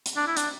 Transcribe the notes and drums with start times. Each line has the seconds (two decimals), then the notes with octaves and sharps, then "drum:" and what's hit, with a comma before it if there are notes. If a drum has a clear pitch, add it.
0.06 drum: hi-hat
0.17 D4
0.27 E4
0.37 D4, drum: hi-hat